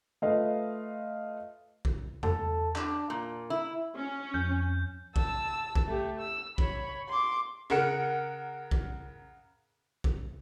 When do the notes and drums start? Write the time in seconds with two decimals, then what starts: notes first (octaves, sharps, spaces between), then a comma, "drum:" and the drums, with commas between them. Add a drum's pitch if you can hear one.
0.22 A3 F4 B4 D#5 F5
1.85 drum: kick
2.23 A4, drum: tom E2
2.75 D4, drum: clap
3.10 A#2
3.50 E4
3.97 C#4
4.34 F2 G6
5.16 A5 E6, drum: kick
5.75 drum: kick
5.87 A3 G4
6.21 E6
6.58 C#5 B5, drum: kick
7.09 C6 D6
7.70 C#3 A#4 F#5 C#7, drum: rim click
8.71 drum: kick
10.04 drum: kick